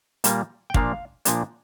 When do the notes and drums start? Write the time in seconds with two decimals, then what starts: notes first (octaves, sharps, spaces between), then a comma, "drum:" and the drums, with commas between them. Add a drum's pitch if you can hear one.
0.24 A#2 G3 A#3, drum: hi-hat
0.70 G5
0.74 A#2 F3 A#3 D4 F5, drum: kick
1.25 A#2 F3 A#3 D4, drum: hi-hat